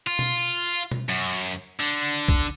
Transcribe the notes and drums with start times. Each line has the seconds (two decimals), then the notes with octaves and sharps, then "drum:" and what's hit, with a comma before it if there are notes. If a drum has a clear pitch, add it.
0.07 F4
0.19 drum: tom B2
0.92 drum: tom B2
1.09 F#2, drum: open hi-hat
1.80 D3
2.28 drum: kick